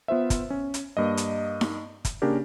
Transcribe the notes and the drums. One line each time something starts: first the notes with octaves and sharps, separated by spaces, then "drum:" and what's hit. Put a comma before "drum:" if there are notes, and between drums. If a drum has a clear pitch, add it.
B3 F4 C5 E5
drum: kick, hi-hat
C#4
drum: hi-hat
G2 A#3 D#5
drum: hi-hat
drum: snare D#4
drum: kick, hi-hat
C#3 A#3 C#4 D4 G4 A#4